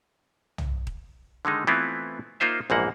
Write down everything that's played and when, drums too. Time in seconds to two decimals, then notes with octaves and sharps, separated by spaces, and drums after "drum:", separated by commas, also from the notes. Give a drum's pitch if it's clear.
0.58 drum: tom
0.87 drum: kick D#1
1.45 D3 D#3 G#3 D#4
1.67 E3 A3 B3 C4 E4 F4
2.40 A#3 D#4 F4 C5 E5
2.70 A#1 E2 G#2 E3 A#3 F#5